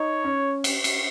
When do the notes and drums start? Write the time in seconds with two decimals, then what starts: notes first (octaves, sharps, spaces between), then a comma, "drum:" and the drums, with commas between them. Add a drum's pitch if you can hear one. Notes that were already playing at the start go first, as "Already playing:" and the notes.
Already playing: D#4 C#5
0.24 C#4
0.64 drum: cymbal
0.84 drum: cymbal